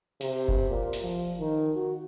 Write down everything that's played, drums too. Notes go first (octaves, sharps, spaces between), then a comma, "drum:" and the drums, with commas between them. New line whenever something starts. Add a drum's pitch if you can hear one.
C3, drum: open hi-hat
drum: kick F#1
A#2
drum: open hi-hat
F3
D#3
F#4